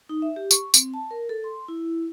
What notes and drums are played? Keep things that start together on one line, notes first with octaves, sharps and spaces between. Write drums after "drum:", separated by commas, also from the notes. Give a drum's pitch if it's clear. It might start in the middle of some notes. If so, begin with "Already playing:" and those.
D#4
E5
G4
C#6, drum: tambourine
C4, drum: tambourine
A5
A#4
A4
C6
E4